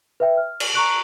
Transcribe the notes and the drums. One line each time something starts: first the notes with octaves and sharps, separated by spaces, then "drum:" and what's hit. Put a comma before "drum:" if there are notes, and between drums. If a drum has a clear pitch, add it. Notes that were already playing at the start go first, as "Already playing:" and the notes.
B4 E5 G5
F6
drum: cymbal
A#5 C#6 F#6 D7